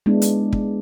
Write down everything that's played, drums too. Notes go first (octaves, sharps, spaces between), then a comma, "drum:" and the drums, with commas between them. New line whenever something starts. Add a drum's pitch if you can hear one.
G#3 B3 D4 E4
drum: hi-hat
drum: kick